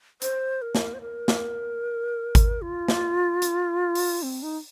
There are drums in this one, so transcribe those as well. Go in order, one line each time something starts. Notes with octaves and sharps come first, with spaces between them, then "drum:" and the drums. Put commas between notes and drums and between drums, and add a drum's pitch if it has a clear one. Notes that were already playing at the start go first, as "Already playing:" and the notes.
C5, drum: hi-hat
A#4
drum: snare
C5
A#4
drum: snare
drum: kick G#1, hi-hat
F4
drum: snare
drum: hi-hat
drum: open hi-hat
C4
D#4